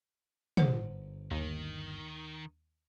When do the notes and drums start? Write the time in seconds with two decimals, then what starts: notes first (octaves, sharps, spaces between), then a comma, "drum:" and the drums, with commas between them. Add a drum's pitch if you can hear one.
0.57 G1 C5 F#5, drum: tom
1.31 D#2 D#3